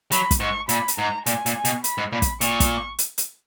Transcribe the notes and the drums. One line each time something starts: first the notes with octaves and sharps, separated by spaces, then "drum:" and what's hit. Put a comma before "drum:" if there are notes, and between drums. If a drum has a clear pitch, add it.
F#3 B5, drum: hi-hat
drum: kick, hi-hat
G#2 C#6
A#2 B5, drum: hi-hat
drum: hi-hat
G#2 A#5
A#2 G#5, drum: hi-hat
A#2, drum: hi-hat
G#5
B2, drum: hi-hat
B5, drum: hi-hat
G#2
A#2 B5
drum: kick, hi-hat
A#2 C#6, drum: hi-hat
drum: kick, hi-hat
drum: hi-hat
drum: hi-hat